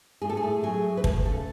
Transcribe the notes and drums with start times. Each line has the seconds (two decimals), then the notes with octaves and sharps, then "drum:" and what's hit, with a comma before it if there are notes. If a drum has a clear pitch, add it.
0.22 A2 G#4
0.29 A4
0.37 G#4
0.43 A3
0.63 F#3 G#4
0.84 A2
0.97 B4
1.04 A3 A4, drum: kick
1.25 C#3 A4